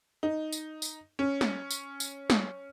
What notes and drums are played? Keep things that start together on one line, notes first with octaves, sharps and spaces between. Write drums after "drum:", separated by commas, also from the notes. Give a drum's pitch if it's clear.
D#4
drum: tambourine
drum: tambourine
C#4
drum: snare
drum: tambourine
drum: tambourine
drum: snare